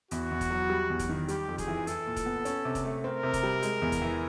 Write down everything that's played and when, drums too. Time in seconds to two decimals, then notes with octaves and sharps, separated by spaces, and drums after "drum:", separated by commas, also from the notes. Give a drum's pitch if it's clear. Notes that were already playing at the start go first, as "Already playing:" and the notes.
0.11 E2 F#4, drum: hi-hat
0.31 E2
0.41 drum: kick, hi-hat
0.51 F#3
0.70 G3
0.90 E2
0.99 drum: kick, hi-hat
1.09 D#3
1.28 G3 G4, drum: hi-hat
1.48 F2
1.58 G#4, drum: kick, hi-hat
1.68 E3
1.87 E4 A4, drum: hi-hat
2.07 A#2
2.16 drum: kick, hi-hat
2.26 B3
2.45 C#4, drum: hi-hat
2.65 C3
2.75 drum: kick, hi-hat
2.85 A3
3.04 C4 A#4
3.23 C3
3.33 drum: kick, hi-hat
3.43 G3
3.62 G#3, drum: hi-hat
3.82 E2
3.92 drum: kick, hi-hat
4.02 E3